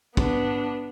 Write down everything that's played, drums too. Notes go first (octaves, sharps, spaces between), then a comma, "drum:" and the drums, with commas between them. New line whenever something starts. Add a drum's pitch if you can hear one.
B3 D4, drum: kick